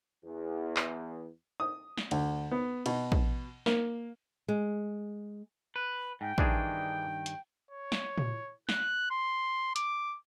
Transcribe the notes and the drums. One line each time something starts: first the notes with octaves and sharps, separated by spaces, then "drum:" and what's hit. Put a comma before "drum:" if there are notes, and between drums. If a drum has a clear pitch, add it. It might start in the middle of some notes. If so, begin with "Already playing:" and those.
E2
drum: clap
D#6
drum: snare
D2, drum: cymbal
B3
B2, drum: cymbal
drum: kick
A#3, drum: snare
G#3
B4
G#2 G5
G2 D#3 E3 D4 G#4, drum: kick
drum: hi-hat
C#5
drum: snare
drum: tom
F#6, drum: snare
C6
D6, drum: hi-hat